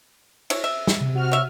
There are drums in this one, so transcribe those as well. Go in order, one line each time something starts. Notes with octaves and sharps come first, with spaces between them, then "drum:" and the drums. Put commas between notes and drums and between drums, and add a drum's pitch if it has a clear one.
E4 C#5, drum: cymbal
E5
drum: snare
C3
C3 F#4 F6
C#5 E5